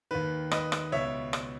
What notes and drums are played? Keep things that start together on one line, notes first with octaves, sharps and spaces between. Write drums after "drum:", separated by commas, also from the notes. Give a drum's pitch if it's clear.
D#2 D#3 B4
B4 D#5, drum: rim click
drum: rim click
C#2 B2 C#5 E5
drum: rim click